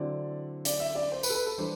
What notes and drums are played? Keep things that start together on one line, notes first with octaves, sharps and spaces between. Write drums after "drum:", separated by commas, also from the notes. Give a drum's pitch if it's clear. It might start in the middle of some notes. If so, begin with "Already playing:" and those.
Already playing: D3 F#3 C4 E4 D5
D5, drum: hi-hat
E5
D5
C5
B4, drum: tambourine
A4
B4
A4
E3 G3 D4 C5